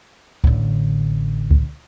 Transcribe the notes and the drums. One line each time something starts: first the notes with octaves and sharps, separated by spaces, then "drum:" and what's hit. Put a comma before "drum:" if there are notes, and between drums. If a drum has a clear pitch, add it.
A1 D3, drum: kick C#2
drum: kick C#2